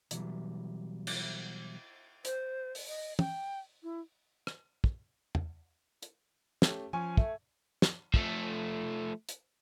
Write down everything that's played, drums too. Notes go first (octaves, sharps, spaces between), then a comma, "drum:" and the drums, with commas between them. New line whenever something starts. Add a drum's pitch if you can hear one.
B2 E3 F#3 G3, drum: hi-hat
drum: cymbal
C5, drum: hi-hat
drum: open hi-hat
D#5
G5, drum: tom
E4
drum: rim click
drum: kick
drum: tom
drum: hi-hat
A3 C#4 G4, drum: snare
F3 C#4 G#5 C#6
A3, drum: kick
drum: snare
F3 A3, drum: kick
drum: hi-hat